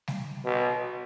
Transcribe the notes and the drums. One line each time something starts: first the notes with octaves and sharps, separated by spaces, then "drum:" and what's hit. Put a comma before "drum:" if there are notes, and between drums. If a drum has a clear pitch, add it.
drum: snare G3
B2